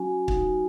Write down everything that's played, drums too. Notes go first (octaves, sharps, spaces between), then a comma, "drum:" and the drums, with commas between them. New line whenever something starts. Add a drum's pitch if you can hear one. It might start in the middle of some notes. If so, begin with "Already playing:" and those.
Already playing: F#3 C#4 F#4 G#5
F#3 D#4 F#4, drum: kick